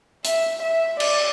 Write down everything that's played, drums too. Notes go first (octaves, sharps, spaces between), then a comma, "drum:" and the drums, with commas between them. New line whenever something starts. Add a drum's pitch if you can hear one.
E5, drum: hi-hat
E5
D5, drum: cymbal